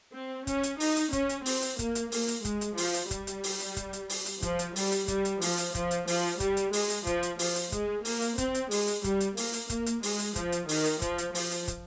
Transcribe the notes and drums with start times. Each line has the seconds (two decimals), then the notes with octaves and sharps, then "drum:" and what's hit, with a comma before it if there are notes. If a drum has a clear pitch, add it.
0.14 C4
0.47 C#4, drum: kick, hi-hat
0.63 drum: hi-hat
0.80 D#4, drum: open hi-hat
0.96 drum: hi-hat
1.13 C#4, drum: kick, hi-hat
1.29 drum: hi-hat
1.46 C4, drum: open hi-hat
1.62 drum: hi-hat
1.79 A#3, drum: kick, hi-hat
1.95 drum: hi-hat
2.12 A#3, drum: open hi-hat
2.28 drum: hi-hat
2.45 G#3, drum: kick, hi-hat
2.61 drum: hi-hat
2.77 F3, drum: open hi-hat
2.94 drum: hi-hat
3.11 G3, drum: kick, hi-hat
3.27 drum: hi-hat
3.44 drum: open hi-hat
3.60 drum: hi-hat
3.77 drum: kick, hi-hat
3.93 drum: hi-hat
4.09 drum: open hi-hat
4.26 drum: hi-hat
4.42 F3, drum: kick, hi-hat
4.59 drum: hi-hat
4.76 G3, drum: open hi-hat
4.92 drum: hi-hat
5.08 G3, drum: kick, hi-hat
5.25 drum: hi-hat
5.41 F3, drum: open hi-hat
5.58 drum: hi-hat
5.75 F3, drum: kick, hi-hat
5.91 drum: hi-hat
6.07 F3, drum: open hi-hat
6.40 G3, drum: kick, hi-hat
6.57 drum: hi-hat
6.73 G#3, drum: open hi-hat
6.90 drum: hi-hat
7.07 F3, drum: kick, hi-hat
7.23 drum: hi-hat
7.39 F3, drum: open hi-hat
7.56 drum: hi-hat
7.72 G#3, drum: kick, hi-hat
8.05 A#3, drum: open hi-hat
8.22 drum: hi-hat
8.38 C4, drum: kick, hi-hat
8.54 drum: hi-hat
8.71 G#3, drum: open hi-hat
8.87 drum: hi-hat
9.04 G3, drum: kick, hi-hat
9.20 drum: hi-hat
9.37 A#3, drum: open hi-hat
9.53 drum: hi-hat
9.70 A#3, drum: kick, hi-hat
9.86 drum: hi-hat
10.03 G#3, drum: open hi-hat
10.19 drum: hi-hat
10.36 F3, drum: kick, hi-hat
10.52 drum: hi-hat
10.69 D#3, drum: open hi-hat
10.85 drum: hi-hat
11.02 F3, drum: kick, hi-hat
11.18 drum: hi-hat
11.35 F3, drum: open hi-hat
11.51 drum: hi-hat
11.68 drum: kick, hi-hat